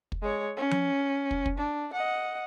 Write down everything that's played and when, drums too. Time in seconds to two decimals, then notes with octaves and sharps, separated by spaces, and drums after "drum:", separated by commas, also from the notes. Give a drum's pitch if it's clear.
0.12 drum: kick
0.22 G#3 C#5
0.57 C#4
0.71 drum: tom F3
1.31 drum: kick
1.46 drum: kick
1.58 D4
1.93 D#5 F#5